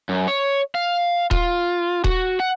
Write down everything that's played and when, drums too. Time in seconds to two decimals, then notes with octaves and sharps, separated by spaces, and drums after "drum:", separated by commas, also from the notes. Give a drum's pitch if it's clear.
0.09 F#2
0.28 C#5
0.75 F5
1.31 F4, drum: kick D#1
2.04 F#4, drum: kick D#1
2.40 F#5